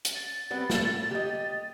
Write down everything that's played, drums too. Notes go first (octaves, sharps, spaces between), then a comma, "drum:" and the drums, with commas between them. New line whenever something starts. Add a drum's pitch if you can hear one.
drum: hi-hat
A6
G3 B3 C4
A4, drum: snare
G4 D#5